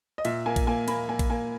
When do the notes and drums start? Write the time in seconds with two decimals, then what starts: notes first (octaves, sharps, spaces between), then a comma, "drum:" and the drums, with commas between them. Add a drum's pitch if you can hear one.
0.18 D#5
0.25 A#2 E5, drum: cymbal
0.46 A#3 G#5
0.56 drum: kick A#1, cymbal
0.67 A#3 G#5
0.88 A#3 B5, drum: cymbal
1.09 A#3 G#5
1.19 drum: kick A#1, cymbal
1.30 A#3 G#5